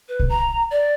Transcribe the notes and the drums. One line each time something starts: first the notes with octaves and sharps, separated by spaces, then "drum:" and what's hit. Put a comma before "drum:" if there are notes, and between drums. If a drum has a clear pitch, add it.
B4
drum: kick A#1
A#5
D5